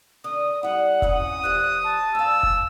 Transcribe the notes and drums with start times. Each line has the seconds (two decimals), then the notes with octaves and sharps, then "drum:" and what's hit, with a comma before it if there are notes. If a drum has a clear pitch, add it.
0.24 D3 D#6
0.63 G3 E4 F#5
1.02 F2 C#4 E4 D#6, drum: kick E1
1.44 F3 G3 F#6
1.84 A5
2.15 G#2 F5 E6
2.43 drum: kick E1